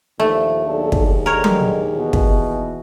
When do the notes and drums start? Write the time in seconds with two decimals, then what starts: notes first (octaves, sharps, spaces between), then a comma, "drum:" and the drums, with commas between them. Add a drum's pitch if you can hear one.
0.20 D#2 A#2 D3 F3 A3
0.65 B1 D4 G#4 A4
0.92 drum: kick
1.26 D3 D#3 A#4 C#5
1.44 drum: tom F#3
1.96 B2 E3
2.13 drum: kick